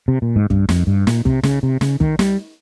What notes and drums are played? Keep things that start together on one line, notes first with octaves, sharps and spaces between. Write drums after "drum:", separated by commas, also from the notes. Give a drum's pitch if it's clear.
C3
A#2
G#2
G2, drum: kick
F2, drum: snare
G2
A#2, drum: snare
C3, drum: kick
C#3, drum: snare
C3
C#3, drum: snare
D#3, drum: kick
G3, drum: snare